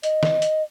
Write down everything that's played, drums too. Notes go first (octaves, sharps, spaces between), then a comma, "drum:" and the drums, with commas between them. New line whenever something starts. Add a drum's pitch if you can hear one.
D#5, drum: hi-hat
drum: snare
drum: hi-hat